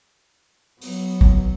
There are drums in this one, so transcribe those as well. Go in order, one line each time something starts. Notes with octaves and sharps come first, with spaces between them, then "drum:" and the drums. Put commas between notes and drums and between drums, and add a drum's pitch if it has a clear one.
F#3 B3, drum: open hi-hat
drum: kick